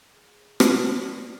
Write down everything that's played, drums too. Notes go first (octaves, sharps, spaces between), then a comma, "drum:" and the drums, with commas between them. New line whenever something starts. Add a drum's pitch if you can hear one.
G#4
D5, drum: rim click